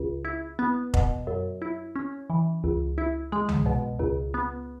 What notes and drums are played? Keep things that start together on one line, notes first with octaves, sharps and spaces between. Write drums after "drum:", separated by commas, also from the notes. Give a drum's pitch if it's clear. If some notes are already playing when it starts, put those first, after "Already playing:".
Already playing: C#2
E4
B3
B2, drum: kick F1
F#2
E4
C#4
E3
C#2
E4
G#3
drum: tom C2
B2
C#2
B3